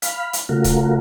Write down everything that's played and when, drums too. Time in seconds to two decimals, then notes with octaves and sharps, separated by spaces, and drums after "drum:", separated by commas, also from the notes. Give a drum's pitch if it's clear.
0.02 F5 B5, drum: hi-hat
0.33 drum: hi-hat
0.49 C#3 A3 F4 F#4 A#4
0.64 drum: kick C#1, hi-hat